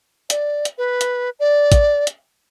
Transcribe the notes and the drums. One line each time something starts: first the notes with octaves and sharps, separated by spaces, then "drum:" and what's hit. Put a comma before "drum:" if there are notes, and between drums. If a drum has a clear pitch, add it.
D5, drum: hi-hat
drum: hi-hat
B4
drum: hi-hat
D5
drum: kick A1, hi-hat
drum: hi-hat